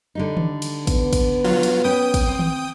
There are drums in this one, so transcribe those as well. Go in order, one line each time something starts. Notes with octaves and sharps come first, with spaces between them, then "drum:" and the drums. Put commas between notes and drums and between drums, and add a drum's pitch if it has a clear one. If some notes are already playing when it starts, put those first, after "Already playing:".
D3 G3 D#4
drum: tom D#3
drum: cymbal
B3, drum: kick, cymbal
drum: kick, cymbal
F#3 F4
drum: cymbal
C#4 B4 G5 D#6
drum: kick, cymbal
C4
drum: tom D#3